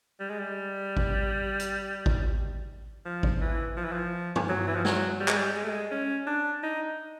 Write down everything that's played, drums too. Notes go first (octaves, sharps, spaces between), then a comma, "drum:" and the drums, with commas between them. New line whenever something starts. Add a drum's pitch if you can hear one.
G3
G#3
G3
drum: kick G#1
drum: hi-hat
drum: kick G#1
F3
drum: kick G#1
E3
F3
E3
F3
drum: tom G2
F#3
E3
F3
F#3, drum: snare
G3
G#3, drum: clap
G3
G#3
A3
G#3
C#4
D4
D#4